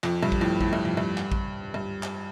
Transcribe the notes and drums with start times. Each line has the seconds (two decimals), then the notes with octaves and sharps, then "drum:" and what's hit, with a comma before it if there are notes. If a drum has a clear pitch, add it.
0.03 F2, drum: clap
0.23 G2
0.32 drum: kick A1
0.41 F2 A2
0.61 A2, drum: kick A1
0.73 G2
0.85 F2
0.97 G2
1.17 drum: clap
1.32 drum: kick A1
1.74 G2
2.03 drum: clap